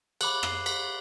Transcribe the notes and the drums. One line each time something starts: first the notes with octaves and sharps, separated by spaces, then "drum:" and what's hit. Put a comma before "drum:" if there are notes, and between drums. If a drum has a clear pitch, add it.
B5 D6 F#6 F#7, drum: cymbal
C7, drum: rim click
B6, drum: cymbal